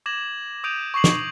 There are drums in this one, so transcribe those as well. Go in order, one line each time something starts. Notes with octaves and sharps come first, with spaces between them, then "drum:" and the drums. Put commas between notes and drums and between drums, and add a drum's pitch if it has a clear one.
D6 G#6 A#6 E7 F#7
D6 D#6 G6 D7 D#7 F7
C#6 D6 C7 F#7
drum: snare